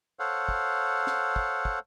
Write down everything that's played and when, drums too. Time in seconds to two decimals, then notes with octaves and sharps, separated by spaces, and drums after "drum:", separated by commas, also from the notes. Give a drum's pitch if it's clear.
0.19 A4 C5 C#5 F5 F#5
0.49 drum: kick
1.07 drum: snare
1.36 drum: kick
1.65 drum: kick